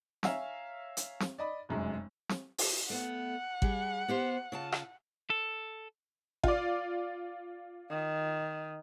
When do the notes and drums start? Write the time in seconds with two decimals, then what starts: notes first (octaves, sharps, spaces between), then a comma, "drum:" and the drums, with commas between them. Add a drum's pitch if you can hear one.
0.23 C#5 E5 F5 G#5 A#5 E6, drum: snare
0.97 drum: hi-hat
1.20 drum: snare
1.38 D5 D#5 B5
1.69 F1 F#2 G#3
2.29 drum: snare
2.58 drum: open hi-hat
2.90 A3 B3 F#5
3.62 G3 G#4, drum: kick
4.08 B3 G4 C5
4.52 C#3 F4 A5
4.72 drum: rim click
5.30 A4
6.44 F4 D5, drum: kick
7.90 D#3